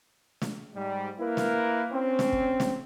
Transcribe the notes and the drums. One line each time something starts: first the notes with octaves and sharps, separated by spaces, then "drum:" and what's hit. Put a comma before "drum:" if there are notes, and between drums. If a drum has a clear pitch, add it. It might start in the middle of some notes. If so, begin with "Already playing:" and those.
drum: snare
G#2 G3
A#3 E4 A#4 B4
drum: snare
C4 C#4
drum: snare
drum: kick
drum: snare